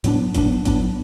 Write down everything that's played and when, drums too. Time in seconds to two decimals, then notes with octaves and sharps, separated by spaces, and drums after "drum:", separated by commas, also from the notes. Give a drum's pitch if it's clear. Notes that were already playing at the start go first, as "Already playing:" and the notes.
0.04 A2 F#3 B3 D4, drum: hi-hat
0.35 A2 F#3 B3 D4, drum: kick G#1, hi-hat
0.65 A2 F#3 B3 D4, drum: kick G#1, hi-hat